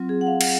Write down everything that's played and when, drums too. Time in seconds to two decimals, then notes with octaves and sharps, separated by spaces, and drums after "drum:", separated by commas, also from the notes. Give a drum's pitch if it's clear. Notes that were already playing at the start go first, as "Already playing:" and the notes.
Already playing: F#3 C4 F4
0.09 G#4
0.21 F#5
0.27 F5
0.41 F#5, drum: cymbal